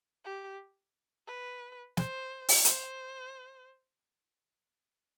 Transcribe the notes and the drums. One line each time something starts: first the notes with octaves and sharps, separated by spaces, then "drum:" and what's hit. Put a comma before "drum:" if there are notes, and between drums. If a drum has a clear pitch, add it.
G4
B4
C5, drum: snare
drum: open hi-hat
C5, drum: hi-hat